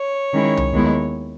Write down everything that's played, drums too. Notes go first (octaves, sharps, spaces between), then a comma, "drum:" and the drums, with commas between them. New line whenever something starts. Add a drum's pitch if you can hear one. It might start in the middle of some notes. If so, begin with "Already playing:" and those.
Already playing: C#5
D#3 G#3 C#4 E4
drum: tom C2
D#2 D#3 G#3 B3 E4